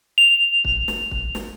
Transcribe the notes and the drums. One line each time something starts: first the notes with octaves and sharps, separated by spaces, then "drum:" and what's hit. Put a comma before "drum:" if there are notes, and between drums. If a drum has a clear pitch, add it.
F7
drum: kick
drum: snare
drum: kick
drum: snare